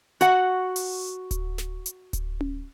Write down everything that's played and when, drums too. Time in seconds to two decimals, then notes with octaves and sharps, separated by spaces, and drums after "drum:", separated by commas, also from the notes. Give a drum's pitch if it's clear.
0.21 F#4 F#5, drum: hi-hat
0.76 drum: open hi-hat
1.31 drum: kick D1, hi-hat
1.58 drum: snare
1.86 drum: hi-hat
2.13 drum: kick D1, hi-hat
2.41 drum: tom C#4